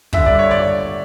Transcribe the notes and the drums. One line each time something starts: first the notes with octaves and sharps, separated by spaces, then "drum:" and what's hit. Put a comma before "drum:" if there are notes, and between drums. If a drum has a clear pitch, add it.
G2 D3 E5, drum: kick
D5
C#5
D5